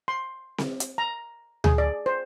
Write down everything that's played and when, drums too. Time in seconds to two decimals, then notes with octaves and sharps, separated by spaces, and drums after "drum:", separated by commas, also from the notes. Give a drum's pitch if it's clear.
0.08 C6
0.58 drum: snare C4
0.80 drum: hi-hat
0.98 A#5
1.64 G#4, drum: tom D2
1.78 D5
2.06 C5